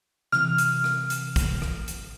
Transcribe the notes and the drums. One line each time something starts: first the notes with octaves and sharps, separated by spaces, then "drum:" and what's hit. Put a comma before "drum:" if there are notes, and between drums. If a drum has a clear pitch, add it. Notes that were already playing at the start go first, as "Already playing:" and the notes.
C3 E3 F6, drum: rim click
drum: hi-hat
drum: rim click
drum: hi-hat
drum: kick, hi-hat
drum: rim click
drum: hi-hat